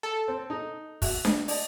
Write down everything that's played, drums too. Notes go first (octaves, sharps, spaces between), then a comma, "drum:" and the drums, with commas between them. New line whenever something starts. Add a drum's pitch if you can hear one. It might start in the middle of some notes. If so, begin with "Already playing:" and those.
A4
C4
D#4
F#4 E5, drum: kick, open hi-hat
drum: snare D4
D5 D#5 A5, drum: open hi-hat